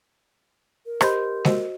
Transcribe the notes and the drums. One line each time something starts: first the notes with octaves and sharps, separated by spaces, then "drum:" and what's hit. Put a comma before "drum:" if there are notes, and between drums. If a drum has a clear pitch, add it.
A#4
G4 C5 D#5 B5 C6 G6, drum: rim click
F#4 C5 D#5, drum: snare G#3